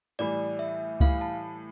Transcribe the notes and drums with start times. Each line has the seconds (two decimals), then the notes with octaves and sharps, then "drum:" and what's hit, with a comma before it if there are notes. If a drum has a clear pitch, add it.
0.19 A2 E3 G3 D5
0.59 E5
1.00 A2 E3 G3 F5, drum: kick C#2
1.21 A5